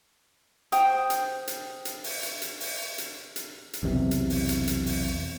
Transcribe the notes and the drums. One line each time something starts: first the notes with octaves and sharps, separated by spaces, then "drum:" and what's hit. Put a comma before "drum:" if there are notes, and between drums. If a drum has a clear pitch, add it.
C5 G5 D#6, drum: hi-hat
drum: hi-hat
drum: hi-hat
drum: hi-hat
drum: open hi-hat
drum: hi-hat
drum: hi-hat
drum: open hi-hat
drum: hi-hat
drum: hi-hat
drum: hi-hat
B1 E2 C3
drum: hi-hat
drum: open hi-hat
drum: hi-hat
drum: hi-hat
drum: open hi-hat